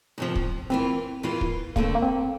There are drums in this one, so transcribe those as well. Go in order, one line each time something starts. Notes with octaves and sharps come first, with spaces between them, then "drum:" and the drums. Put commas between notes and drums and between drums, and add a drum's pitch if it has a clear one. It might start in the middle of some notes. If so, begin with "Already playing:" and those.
D2 C3 F3
drum: kick
E2 E3 A#3 C4 F4
E2 E3 A#3 F4
drum: kick
D3 A3 A#3 C4, drum: kick
A#3
C4